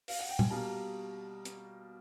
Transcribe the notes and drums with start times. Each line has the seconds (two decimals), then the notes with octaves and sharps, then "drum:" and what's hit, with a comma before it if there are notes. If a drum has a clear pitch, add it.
0.08 F5, drum: open hi-hat
0.19 F#5
0.29 G5
0.39 G#5, drum: tom
0.50 B2 G3 A#3 A5
1.45 drum: hi-hat